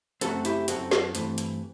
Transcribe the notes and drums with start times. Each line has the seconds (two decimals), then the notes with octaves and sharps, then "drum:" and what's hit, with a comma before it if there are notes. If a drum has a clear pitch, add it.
0.21 F#2 F#3 A3 C4 F#4 A4, drum: hi-hat
0.45 E4 G4, drum: hi-hat
0.68 F#2 F#3 A3 C4 F#4 A4, drum: hi-hat
0.91 drum: snare
1.15 G2 E3 A3 C4, drum: hi-hat
1.38 drum: hi-hat